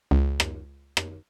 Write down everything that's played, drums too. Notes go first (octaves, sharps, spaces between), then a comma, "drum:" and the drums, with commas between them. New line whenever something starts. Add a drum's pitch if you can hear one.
C#2
drum: rim click
drum: rim click